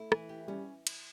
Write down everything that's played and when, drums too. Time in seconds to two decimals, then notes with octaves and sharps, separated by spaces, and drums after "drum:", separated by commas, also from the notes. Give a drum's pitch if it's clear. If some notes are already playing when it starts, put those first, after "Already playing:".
Already playing: A3 E4
0.12 E3, drum: rim click
0.29 G4
0.48 G3 C#4
0.87 drum: cymbal